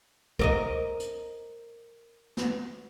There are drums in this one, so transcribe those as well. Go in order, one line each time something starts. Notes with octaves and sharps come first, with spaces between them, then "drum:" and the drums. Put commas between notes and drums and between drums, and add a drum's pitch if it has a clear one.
A#4 D5 D#5, drum: kick C#2
drum: hi-hat
drum: snare